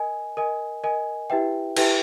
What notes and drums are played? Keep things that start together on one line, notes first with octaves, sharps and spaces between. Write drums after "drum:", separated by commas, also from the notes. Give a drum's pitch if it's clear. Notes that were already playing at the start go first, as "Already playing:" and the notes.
Already playing: A#4 D#5 G#5
A#4 D#5 G#5
A#4 D#5 G#5
E4 G4 B4 E5 G5
E4 G4 B4 E5 G5, drum: cymbal